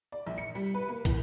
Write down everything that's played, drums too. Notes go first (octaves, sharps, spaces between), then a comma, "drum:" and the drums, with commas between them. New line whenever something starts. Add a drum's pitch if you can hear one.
D5
A#1
C#7
G3
B4
A#3
E2, drum: kick, hi-hat